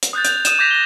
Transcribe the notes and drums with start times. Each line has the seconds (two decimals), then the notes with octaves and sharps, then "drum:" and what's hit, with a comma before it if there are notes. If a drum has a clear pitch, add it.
0.03 drum: hi-hat
0.13 D#6 F#6 G6 A6
0.25 G6 F7, drum: hi-hat
0.45 D#6 D#7 E7, drum: hi-hat
0.59 D6 G6 G#6 A#6 B6 F7
0.71 A#6 G7